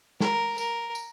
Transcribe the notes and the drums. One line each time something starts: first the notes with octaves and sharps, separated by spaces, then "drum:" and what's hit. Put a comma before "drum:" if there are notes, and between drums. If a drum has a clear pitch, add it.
A#4, drum: snare
A#4, drum: tambourine
drum: tambourine